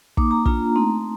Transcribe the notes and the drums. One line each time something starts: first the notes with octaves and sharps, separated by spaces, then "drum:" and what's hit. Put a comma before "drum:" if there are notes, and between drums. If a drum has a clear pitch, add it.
A#3 D#4 D6, drum: kick
A#5
A#3 D4 F4 A#5, drum: kick
A3 C4 D#4